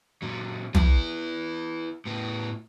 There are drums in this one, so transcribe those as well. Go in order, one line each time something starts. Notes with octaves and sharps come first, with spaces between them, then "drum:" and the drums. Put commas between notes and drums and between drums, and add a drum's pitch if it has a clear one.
A#2 F#3
B3 E4, drum: tom
A2 B3